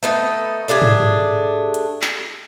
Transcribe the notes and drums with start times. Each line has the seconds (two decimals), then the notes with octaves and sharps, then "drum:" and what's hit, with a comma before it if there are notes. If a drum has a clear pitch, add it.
0.03 A3 B3 D#4
0.68 A3 D4 G4 G#4
0.82 drum: tom G#2
1.74 drum: hi-hat
2.02 drum: clap